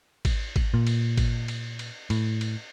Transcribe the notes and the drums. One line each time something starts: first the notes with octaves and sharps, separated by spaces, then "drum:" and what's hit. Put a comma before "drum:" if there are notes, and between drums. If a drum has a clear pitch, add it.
drum: kick G#1, cymbal
drum: kick G#1, cymbal
A#2
drum: cymbal
drum: kick G#1, cymbal
drum: cymbal
drum: cymbal
A2, drum: cymbal
drum: cymbal